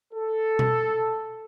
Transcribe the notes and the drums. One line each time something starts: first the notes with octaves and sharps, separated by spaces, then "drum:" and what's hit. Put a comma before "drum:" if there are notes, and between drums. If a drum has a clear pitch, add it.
A4
drum: tom B2